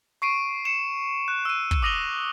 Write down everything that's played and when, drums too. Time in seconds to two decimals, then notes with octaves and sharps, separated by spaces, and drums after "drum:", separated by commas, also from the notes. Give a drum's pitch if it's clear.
0.22 C#6 C7 D7 D#7
0.65 C#7 E7
1.28 F#6
1.45 E6 D#7
1.71 drum: kick
1.82 D6 D#6 A#6 D#7 F7 G7